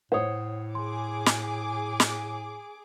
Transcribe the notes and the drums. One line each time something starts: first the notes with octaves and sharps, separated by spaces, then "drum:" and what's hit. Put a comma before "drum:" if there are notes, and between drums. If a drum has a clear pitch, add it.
A2 C5 C#5 F#5 D#6
G#4 C6 D6
drum: snare
drum: snare